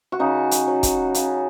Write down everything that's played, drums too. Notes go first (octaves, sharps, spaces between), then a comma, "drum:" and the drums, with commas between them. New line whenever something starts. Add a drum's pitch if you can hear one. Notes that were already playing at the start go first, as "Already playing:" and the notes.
F#4
C#3 D#4
drum: hi-hat
F#3
drum: kick, hi-hat
C#3, drum: hi-hat